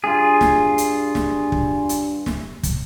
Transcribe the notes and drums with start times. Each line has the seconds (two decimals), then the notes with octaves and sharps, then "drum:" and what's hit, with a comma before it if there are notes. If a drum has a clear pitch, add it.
0.04 G2 F4 G#4
0.41 drum: snare
0.78 drum: hi-hat
1.15 drum: snare
1.52 drum: kick
1.89 drum: hi-hat
2.26 drum: snare
2.63 drum: kick, hi-hat